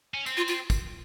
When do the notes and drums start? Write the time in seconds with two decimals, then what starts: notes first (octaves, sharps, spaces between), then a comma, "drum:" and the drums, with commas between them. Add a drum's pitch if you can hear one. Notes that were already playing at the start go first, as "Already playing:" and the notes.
0.14 C#4
0.26 C4, drum: tambourine
0.37 F4
0.48 F4, drum: tambourine
0.70 drum: kick, tambourine